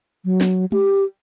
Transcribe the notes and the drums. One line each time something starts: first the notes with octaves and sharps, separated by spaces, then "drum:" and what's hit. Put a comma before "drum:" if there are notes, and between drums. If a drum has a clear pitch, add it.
F#3
drum: snare
G4, drum: tom G#3